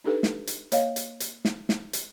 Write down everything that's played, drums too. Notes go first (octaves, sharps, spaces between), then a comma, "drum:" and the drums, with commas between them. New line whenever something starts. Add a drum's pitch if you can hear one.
D4 D#4 G4 A4 B4
drum: snare
drum: hi-hat
A#3 C#5 D#5 F5, drum: hi-hat
drum: hi-hat
drum: hi-hat
drum: snare
drum: snare
drum: hi-hat